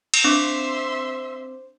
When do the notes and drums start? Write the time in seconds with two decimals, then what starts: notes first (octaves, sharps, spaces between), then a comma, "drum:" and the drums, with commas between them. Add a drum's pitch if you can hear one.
0.14 drum: cymbal
0.24 C4 D4 C5 E5 C6 D6